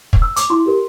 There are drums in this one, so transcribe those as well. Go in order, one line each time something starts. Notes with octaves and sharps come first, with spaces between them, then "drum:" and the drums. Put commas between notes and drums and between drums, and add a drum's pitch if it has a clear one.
drum: kick
E6
D6, drum: hi-hat
E4 C6
G4 A#4